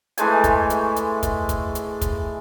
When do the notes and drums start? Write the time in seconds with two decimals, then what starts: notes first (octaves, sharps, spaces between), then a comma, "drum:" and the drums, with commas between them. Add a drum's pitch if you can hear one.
0.18 E3 G#3 A3 G#5, drum: hi-hat
0.44 drum: kick, hi-hat
0.70 drum: hi-hat
0.96 drum: hi-hat
1.23 drum: kick, hi-hat
1.49 drum: kick, hi-hat
1.75 drum: hi-hat
2.01 drum: kick, hi-hat